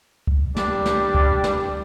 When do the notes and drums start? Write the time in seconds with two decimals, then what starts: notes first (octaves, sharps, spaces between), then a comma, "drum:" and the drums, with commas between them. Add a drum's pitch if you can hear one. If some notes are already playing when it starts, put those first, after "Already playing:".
0.27 drum: kick C#2
0.56 G3 D4, drum: snare
0.86 drum: snare
1.15 drum: kick C#2
1.44 drum: snare